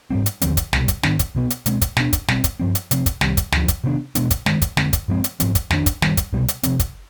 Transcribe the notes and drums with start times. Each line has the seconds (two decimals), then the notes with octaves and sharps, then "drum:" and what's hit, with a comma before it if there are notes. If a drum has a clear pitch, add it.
0.10 G#2 G3 C4
0.26 drum: hi-hat
0.42 D#2 D3 F3 C4, drum: hi-hat
0.57 drum: kick, hi-hat
0.73 C2 B2 G3, drum: snare
0.88 drum: kick, hi-hat
1.03 G#2 D#3 B3 D4, drum: snare
1.19 drum: kick, hi-hat
1.35 C2 B2 B3
1.50 drum: hi-hat
1.66 B2 G#3 C4, drum: hi-hat
1.82 drum: kick, hi-hat
1.97 B2 B3 D4, drum: snare
2.13 drum: kick, hi-hat
2.28 B2 G3 C4, drum: snare
2.44 drum: kick, hi-hat
2.60 G2 F3 C4
2.75 drum: hi-hat
2.91 C3 F3 C4, drum: hi-hat
3.06 drum: kick, hi-hat
3.21 C2 C3 D#3 G3, drum: snare
3.37 drum: kick, hi-hat
3.52 D2 D3 F3, drum: snare
3.68 drum: kick, hi-hat
3.84 C3 D#3 B3 D4
4.15 B2 G#3 B3 D4, drum: hi-hat
4.31 drum: kick, hi-hat
4.46 G2 D#3 G#3, drum: snare
4.62 drum: kick, hi-hat
4.77 F2 D3 G#3 C4, drum: snare
4.93 drum: kick, hi-hat
5.08 G2 F3 G#3 C4
5.24 drum: hi-hat
5.40 G#2 F3 C4, drum: hi-hat
5.55 drum: kick, hi-hat
5.70 F2 D#3 B3 D4, drum: snare
5.86 drum: kick, hi-hat
6.02 G2 D#3 G3, drum: snare
6.17 drum: kick, hi-hat
6.33 C2 B2 G3
6.48 drum: hi-hat
6.63 C3 F3 C4, drum: hi-hat
6.80 drum: kick, hi-hat